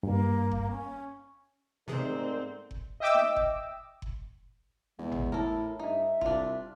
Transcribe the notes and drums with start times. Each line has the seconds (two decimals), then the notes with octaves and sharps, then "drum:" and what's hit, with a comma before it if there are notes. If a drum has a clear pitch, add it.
0.03 G2 A#3
0.51 drum: kick F#1
0.70 C#4
1.88 G#2 C3 E3 A3 C4 G#4 A#4 D5
2.71 drum: kick F#1
3.00 D#5 E5 G5 D6 E6
3.14 drum: snare D#4
3.36 drum: kick F#1
4.02 drum: kick F#1
4.99 E2 G#3
5.12 drum: tom G#1
5.32 A2 E4 A4 A#4
5.80 G2 D#4 E5
6.21 C2 D4 F4, drum: kick F#1